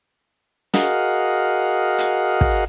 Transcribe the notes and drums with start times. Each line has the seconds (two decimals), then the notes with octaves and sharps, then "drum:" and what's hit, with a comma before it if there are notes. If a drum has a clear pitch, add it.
0.74 F#4 G#4 A#4 D#5 F5 F#5, drum: snare
1.98 drum: hi-hat
2.41 drum: kick